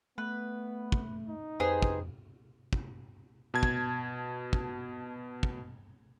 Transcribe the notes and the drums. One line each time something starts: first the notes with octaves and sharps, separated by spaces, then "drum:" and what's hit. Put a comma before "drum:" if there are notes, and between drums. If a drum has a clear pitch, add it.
A3 B3 B4
drum: kick
D#4
F2 G4 G#4 B4 C5
drum: kick
drum: kick
B2 A5 G#6
drum: kick
drum: kick
drum: kick